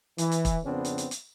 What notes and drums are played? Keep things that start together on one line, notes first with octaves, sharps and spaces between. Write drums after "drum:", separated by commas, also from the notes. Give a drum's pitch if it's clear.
E3, drum: hi-hat
drum: hi-hat
drum: kick, hi-hat
F2 C#3 B3 C4 D4
drum: hi-hat
drum: hi-hat
drum: hi-hat